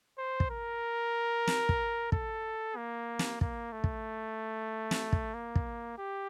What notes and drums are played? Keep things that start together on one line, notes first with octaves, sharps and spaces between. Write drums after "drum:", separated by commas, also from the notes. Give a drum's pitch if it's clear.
C5
drum: kick
A#4
drum: snare
drum: kick
A4, drum: kick
A#3
drum: snare
A#3, drum: kick
A3
drum: kick
drum: snare
drum: kick
A#3
drum: kick
G4